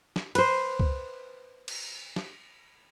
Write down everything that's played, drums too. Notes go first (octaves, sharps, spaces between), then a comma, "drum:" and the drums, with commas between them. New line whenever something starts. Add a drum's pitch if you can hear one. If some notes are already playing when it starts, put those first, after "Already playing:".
drum: snare
B4 C5, drum: cymbal
drum: kick
drum: cymbal
drum: snare